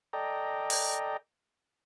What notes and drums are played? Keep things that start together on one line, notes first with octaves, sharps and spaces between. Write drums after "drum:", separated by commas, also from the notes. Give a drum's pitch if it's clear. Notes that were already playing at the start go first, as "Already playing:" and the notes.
A4 D5 D#5 G5 A#5
drum: open hi-hat